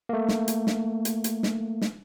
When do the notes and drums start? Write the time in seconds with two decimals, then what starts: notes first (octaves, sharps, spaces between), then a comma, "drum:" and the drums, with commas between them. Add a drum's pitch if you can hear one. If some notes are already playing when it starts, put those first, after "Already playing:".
0.09 A3 A#3
0.28 drum: snare
0.48 drum: hi-hat
0.67 drum: snare
1.05 drum: hi-hat
1.24 drum: hi-hat
1.43 drum: snare
1.82 drum: snare